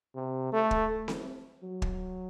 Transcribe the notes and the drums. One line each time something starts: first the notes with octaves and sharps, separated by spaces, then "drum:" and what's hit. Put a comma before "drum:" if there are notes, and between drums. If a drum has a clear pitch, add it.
C3
A3
drum: kick
drum: snare C4
F#3
drum: kick